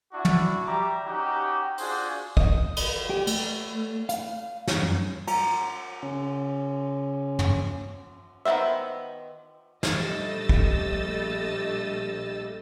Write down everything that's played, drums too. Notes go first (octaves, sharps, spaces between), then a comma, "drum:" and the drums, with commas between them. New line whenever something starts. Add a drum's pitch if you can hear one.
D4 E4 F#4
drum: tom
G3 G4 E5 A#5 D6
C#4 D#4 F#4 G4
D4 F4 F#4 G#4 C5, drum: open hi-hat
D#5, drum: kick
drum: cymbal
G4
A3, drum: cymbal
F5, drum: hi-hat
drum: snare
F#2
A#5, drum: cymbal
C#3 C#4
drum: tom
D#3 B3 C4 C5 E5
A#1 G3 A3 D#5 E6 A6, drum: snare
drum: kick